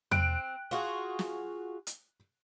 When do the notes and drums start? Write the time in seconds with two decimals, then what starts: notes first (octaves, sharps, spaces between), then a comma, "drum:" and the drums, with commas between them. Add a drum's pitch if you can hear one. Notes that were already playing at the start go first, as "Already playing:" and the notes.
0.11 C4 F#6 D7, drum: tom E2
0.71 F4 F#4 G#4
1.19 drum: snare
1.87 drum: hi-hat